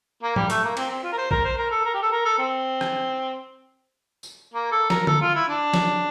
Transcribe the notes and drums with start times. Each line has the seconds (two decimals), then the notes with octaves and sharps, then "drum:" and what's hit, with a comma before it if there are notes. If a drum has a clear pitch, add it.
0.23 A#3
0.36 G3, drum: tom G#2
0.50 A3, drum: hi-hat
0.64 A#3
0.77 C4, drum: cymbal
0.90 C4
1.04 F4
1.12 A#4
1.18 C5
1.31 A#4, drum: kick A#1
1.44 C5
1.58 A#4
1.71 A4
1.85 A#4
1.94 G4
2.02 A4
2.12 A#4
2.25 A4
2.39 C4
2.81 drum: rim click
4.23 drum: tambourine
4.54 A#3
4.72 A4
4.90 A#4, drum: snare
5.07 A4, drum: tom D3
5.21 F4
5.35 E4
5.48 D4
5.74 drum: snare